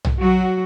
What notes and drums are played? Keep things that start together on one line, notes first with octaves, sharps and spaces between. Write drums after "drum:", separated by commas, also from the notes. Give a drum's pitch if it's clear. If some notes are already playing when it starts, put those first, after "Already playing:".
drum: tom B1
F#3 F#4